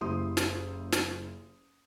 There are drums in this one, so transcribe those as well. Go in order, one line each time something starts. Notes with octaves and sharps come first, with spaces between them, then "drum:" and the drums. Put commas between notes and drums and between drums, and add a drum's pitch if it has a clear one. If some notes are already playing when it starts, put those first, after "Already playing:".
F#1 A#3 E4 G4 C6 D#6
drum: snare
drum: snare